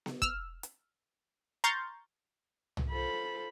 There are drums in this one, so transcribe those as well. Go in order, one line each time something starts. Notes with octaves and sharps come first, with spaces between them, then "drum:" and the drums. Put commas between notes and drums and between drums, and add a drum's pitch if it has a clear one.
drum: snare B3
E6 F6, drum: kick
drum: hi-hat
A#5 C6 C#6 F6 G6 A6
drum: tom C2
F4 A4 C5 B5